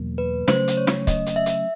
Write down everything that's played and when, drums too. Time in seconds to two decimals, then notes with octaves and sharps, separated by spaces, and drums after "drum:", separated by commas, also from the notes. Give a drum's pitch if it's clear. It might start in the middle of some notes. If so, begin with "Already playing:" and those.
Already playing: E2 B2 F#3 A#3
0.18 B4
0.48 C#3 F#3 A3 C#4 C5, drum: snare
0.68 drum: hi-hat
0.77 C#5
0.87 drum: snare
1.07 D#5, drum: kick C#1, hi-hat
1.26 drum: hi-hat
1.36 E5
1.46 drum: hi-hat